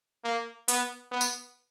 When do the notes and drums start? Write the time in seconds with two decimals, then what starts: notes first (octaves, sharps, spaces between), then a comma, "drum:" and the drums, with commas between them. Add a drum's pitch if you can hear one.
0.24 A#3
0.68 B3, drum: hi-hat
1.12 B3
1.21 drum: tambourine